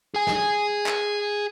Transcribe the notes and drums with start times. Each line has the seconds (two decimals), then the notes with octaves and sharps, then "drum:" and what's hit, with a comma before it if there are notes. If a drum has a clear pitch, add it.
0.14 G#4 G#5
0.27 drum: snare
0.86 drum: clap